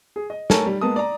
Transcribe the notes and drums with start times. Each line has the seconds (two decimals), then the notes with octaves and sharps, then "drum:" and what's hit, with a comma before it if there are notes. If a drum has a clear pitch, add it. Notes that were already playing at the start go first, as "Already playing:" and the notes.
0.16 G#4
0.30 D#5
0.50 A3 A4 A#4 C#5 G#5 A5, drum: snare
0.66 G3
0.81 G#3 A#3 B3 A5 D#6
0.96 D5 A#5